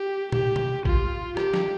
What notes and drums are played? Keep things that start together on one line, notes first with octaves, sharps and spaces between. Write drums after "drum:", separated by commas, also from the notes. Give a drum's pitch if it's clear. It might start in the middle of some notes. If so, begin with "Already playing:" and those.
Already playing: G4
G4, drum: tom A#2
drum: tom
F4, drum: kick
G4, drum: rim click
drum: snare